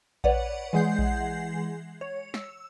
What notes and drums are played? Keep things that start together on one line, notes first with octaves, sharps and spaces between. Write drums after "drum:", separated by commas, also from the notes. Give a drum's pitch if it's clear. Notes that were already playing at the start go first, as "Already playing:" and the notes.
B4 C#5 D5 F#5, drum: kick A#1
E3 G#3 G#4 F#5 G6 C7
drum: kick A#1
C#5
E6, drum: snare